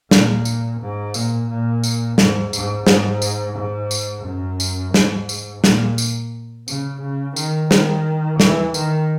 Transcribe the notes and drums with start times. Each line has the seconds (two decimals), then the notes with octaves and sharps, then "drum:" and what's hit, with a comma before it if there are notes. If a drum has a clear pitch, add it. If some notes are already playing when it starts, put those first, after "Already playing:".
0.11 A#2, drum: snare
0.45 drum: tambourine
0.80 G#2
1.14 A#2, drum: tambourine
1.50 A#2
1.84 drum: tambourine
2.18 G#2, drum: snare
2.53 G#2, drum: tambourine
2.87 G#2, drum: snare
3.22 drum: tambourine
3.56 G#2
3.91 drum: tambourine
4.25 F#2
4.60 drum: tambourine
4.94 G#2, drum: snare
5.29 drum: tambourine
5.64 A#2, drum: snare
5.98 drum: tambourine
6.68 C#3, drum: tambourine
7.02 C#3
7.36 D#3, drum: tambourine
7.71 D#3, drum: snare
8.40 E3, drum: snare
8.74 D#3, drum: tambourine